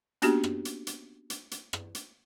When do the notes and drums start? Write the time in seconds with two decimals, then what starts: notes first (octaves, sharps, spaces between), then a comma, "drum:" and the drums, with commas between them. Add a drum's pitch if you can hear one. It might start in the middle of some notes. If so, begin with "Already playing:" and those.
0.22 A#3 B3 C#4 D4 F#4 G4, drum: hi-hat
0.44 drum: rim click
0.65 drum: hi-hat
0.87 drum: hi-hat
1.30 drum: hi-hat
1.51 drum: hi-hat
1.73 drum: rim click
1.95 drum: hi-hat